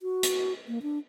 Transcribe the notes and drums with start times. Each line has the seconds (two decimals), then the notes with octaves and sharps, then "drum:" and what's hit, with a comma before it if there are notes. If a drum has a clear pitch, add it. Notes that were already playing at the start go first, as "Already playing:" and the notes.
0.02 F#4
0.23 drum: hi-hat
0.68 A#3
0.82 D4